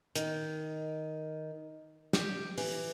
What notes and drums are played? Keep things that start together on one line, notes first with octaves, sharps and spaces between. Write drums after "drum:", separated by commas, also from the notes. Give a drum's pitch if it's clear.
D#3, drum: hi-hat
G4, drum: snare
E3, drum: open hi-hat